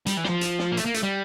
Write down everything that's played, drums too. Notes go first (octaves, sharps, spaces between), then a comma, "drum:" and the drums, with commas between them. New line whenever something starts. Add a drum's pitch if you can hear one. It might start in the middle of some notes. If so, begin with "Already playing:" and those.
G3, drum: hi-hat
E3
G3, drum: snare
F3
drum: hi-hat
drum: snare
A#3
A3, drum: hi-hat
A#3
A3, drum: hi-hat
G3